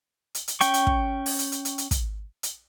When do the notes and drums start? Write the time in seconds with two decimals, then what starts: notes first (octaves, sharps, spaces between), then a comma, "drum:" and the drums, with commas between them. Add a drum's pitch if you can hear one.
0.35 drum: hi-hat
0.48 drum: hi-hat
0.61 C#4 G5 C#6, drum: hi-hat
0.74 drum: hi-hat
0.87 drum: kick
1.26 drum: open hi-hat
1.39 drum: hi-hat
1.52 drum: hi-hat
1.65 drum: hi-hat
1.78 drum: hi-hat
1.91 drum: kick, hi-hat
2.43 drum: hi-hat